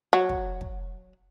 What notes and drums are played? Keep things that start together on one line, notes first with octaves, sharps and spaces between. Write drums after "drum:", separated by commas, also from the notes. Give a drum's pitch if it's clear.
F#3
drum: kick
drum: kick